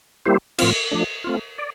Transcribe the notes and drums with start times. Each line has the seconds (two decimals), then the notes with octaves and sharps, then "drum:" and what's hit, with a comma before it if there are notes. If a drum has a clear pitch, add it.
0.26 G3 A#3 E4 G4 C5
0.58 A2 F3 C4 F4, drum: cymbal
0.91 F3 A3 D4
1.24 A3 C4 F4
1.58 D5